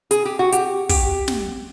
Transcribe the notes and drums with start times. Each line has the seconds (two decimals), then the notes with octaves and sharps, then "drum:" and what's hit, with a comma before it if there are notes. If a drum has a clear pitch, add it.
0.11 G#4, drum: hi-hat
0.25 G4
0.39 F#4
0.52 G4, drum: hi-hat
0.89 G4, drum: kick, open hi-hat
1.28 drum: snare